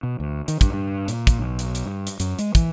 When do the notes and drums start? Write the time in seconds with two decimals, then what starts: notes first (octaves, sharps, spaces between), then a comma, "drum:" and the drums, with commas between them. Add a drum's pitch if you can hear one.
0.03 B2
0.20 D2
0.48 D#3, drum: hi-hat
0.61 G2, drum: kick, hi-hat
0.73 G2
1.08 A#2, drum: hi-hat
1.27 drum: kick, hi-hat
1.39 B1
1.59 drum: hi-hat
1.75 drum: hi-hat
1.86 G2
2.07 drum: hi-hat
2.20 F#2, drum: hi-hat
2.39 G#3, drum: hi-hat
2.55 E3, drum: kick, hi-hat